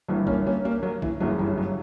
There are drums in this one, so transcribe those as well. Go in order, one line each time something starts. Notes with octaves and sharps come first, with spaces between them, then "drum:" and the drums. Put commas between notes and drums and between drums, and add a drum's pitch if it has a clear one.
G1 G2 E3 F#3
A#3 C#4, drum: kick B1
A#3 C#4
A#3 C#4
F#3
E3, drum: kick B1
G1 F#2 C#3 E3 F#3
E3 G3
F#3